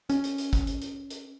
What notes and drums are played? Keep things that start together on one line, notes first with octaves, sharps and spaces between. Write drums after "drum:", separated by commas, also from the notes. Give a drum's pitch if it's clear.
C#4, drum: hi-hat
drum: hi-hat
drum: hi-hat
drum: kick G#1, hi-hat
drum: hi-hat
drum: hi-hat
drum: hi-hat